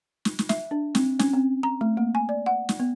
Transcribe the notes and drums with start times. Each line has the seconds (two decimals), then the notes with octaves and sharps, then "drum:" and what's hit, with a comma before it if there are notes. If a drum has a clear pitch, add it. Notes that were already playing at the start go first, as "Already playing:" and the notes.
0.25 drum: snare
0.39 drum: snare
0.49 E5, drum: snare
0.71 D4
0.95 C4, drum: snare
1.19 C#4, drum: snare
1.33 C4
1.63 A#5
1.81 A3
1.97 A#3
2.15 G#5
2.29 D5
2.46 F#5
2.69 drum: snare
2.80 B3